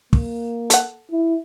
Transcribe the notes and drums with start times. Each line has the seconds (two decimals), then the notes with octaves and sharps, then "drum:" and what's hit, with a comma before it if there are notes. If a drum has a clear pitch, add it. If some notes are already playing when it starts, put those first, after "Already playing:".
0.13 A#3, drum: kick
0.70 A4 F#5, drum: hi-hat
1.11 E4